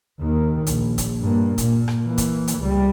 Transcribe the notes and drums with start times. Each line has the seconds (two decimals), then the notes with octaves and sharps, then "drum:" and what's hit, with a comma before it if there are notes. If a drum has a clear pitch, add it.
0.20 D#2 D#3
0.67 A#1, drum: hi-hat
0.98 drum: kick, hi-hat
1.20 G2 A#3
1.58 A#2, drum: kick, hi-hat
1.88 drum: rim click
2.04 E3 A#3
2.18 drum: kick, hi-hat
2.48 drum: hi-hat
2.59 C#2 G3